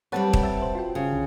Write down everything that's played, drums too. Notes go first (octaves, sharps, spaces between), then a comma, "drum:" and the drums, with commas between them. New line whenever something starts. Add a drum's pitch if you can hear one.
G3 C4 B4 C#5 F#5 A5
drum: kick
E5 A5
C5
F4 F#4 G5
C#3
B1 D3